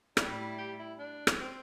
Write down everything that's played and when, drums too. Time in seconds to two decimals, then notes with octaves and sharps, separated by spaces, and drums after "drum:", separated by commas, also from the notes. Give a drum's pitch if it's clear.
0.17 A2 G3 D4 E4, drum: rim click
0.58 G4
0.79 E4
0.99 D4
1.27 drum: rim click
1.40 C4